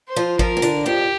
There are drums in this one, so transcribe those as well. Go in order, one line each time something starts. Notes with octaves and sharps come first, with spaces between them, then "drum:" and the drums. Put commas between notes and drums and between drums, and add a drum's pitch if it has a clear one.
C5
F3 F4
F3 F4 A#4, drum: kick
C4
D3 D4, drum: hi-hat
F2 F3 G4